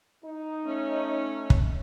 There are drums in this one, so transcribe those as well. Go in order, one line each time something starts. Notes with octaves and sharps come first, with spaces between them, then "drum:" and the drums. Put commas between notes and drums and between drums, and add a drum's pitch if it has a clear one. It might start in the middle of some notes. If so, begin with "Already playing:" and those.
D#4
A3 C#4
drum: kick